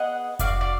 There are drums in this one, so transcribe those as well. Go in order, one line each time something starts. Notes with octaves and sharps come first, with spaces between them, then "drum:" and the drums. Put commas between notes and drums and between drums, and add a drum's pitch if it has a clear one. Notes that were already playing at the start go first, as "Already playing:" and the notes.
Already playing: B3 G#4 D#5 F#5
D4 F#4 D5 F5, drum: kick F1, hi-hat
D5 F5